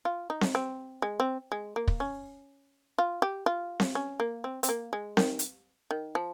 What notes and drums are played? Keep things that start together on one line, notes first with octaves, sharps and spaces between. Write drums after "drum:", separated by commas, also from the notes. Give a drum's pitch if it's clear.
F4
D#4
drum: snare C4
C4
G#3
C4
G#3
A#3
drum: kick
C#4
F4
G4
F4
drum: snare C4
C#4
A#3
C4
C4, drum: hi-hat
A#3
G#3
D#3, drum: snare C4
drum: hi-hat
D#3
F3